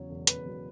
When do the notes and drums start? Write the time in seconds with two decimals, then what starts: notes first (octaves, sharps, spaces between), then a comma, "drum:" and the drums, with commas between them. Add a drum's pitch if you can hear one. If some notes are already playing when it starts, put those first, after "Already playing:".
Already playing: E2 C#3 F#3 C#5
0.09 E1
0.27 E2 B4, drum: hi-hat
0.46 F#3